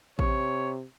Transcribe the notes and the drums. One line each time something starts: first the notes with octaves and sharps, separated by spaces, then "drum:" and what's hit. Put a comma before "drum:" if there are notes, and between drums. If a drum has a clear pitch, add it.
C3 C#5, drum: kick A1